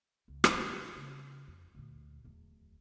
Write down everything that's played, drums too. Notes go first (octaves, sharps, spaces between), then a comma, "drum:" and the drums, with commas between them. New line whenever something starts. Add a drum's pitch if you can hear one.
C#2
drum: rim click
C#3
F2
D2 A#2
D1 E2